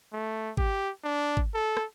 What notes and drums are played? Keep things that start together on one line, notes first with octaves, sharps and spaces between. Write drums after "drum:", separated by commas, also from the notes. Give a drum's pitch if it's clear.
A3
G4, drum: kick
D4
drum: kick
A4
drum: rim click